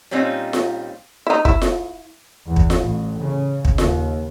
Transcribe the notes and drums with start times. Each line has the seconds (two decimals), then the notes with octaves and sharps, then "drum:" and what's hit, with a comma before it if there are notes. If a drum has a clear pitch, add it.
0.11 A#2 G3 C4 C#4 D#4 F4
0.53 drum: snare F4
1.27 D#4 E4
1.45 E4, drum: kick
1.62 drum: snare F4
2.47 E2
2.56 drum: kick
2.70 drum: snare F4
2.80 A1
3.21 C#3
3.65 drum: kick
3.78 D#2, drum: snare F4